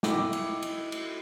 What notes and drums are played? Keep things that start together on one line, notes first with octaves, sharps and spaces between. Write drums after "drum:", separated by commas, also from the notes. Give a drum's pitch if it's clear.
E4 D#5 G5 D6, drum: snare
drum: cymbal
drum: cymbal
drum: cymbal